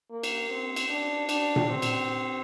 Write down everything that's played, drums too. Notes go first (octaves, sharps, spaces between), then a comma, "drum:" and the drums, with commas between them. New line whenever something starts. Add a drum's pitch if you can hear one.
A#3
drum: cymbal
C4
drum: cymbal
D4
D4, drum: cymbal
drum: tom A#2
C4
drum: cymbal